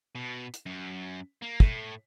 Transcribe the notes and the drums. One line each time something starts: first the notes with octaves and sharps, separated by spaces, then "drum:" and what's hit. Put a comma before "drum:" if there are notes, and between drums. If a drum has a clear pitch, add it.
B2
drum: hi-hat
F#2
A#3
A2, drum: kick